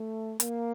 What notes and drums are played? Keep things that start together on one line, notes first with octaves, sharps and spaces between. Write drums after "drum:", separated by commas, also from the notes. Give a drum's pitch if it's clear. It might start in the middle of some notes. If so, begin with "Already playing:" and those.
Already playing: A3
A#3, drum: hi-hat